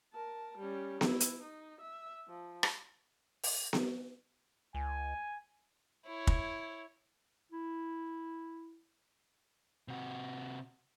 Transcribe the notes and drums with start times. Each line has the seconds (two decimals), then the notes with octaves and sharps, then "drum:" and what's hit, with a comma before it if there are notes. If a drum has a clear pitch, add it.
0.13 A#4 A5
0.58 G3 C#4
1.01 E4, drum: snare B3
1.20 drum: hi-hat
1.42 D#4
1.81 E5
2.28 F3
2.63 drum: rim click
3.43 drum: open hi-hat
3.73 drum: snare B3
4.75 C#2 G#5
6.06 E4 C#5
6.27 drum: kick
7.52 E4
9.88 C3 F#4